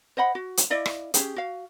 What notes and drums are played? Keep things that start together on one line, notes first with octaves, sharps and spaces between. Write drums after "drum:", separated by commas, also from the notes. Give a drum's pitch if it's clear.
C5 D#5 F#5 B5
F#4
drum: hi-hat
E4 D5 D#5 F5
drum: rim click
C#4 D#4 G4 G#4, drum: hi-hat
F#4 F5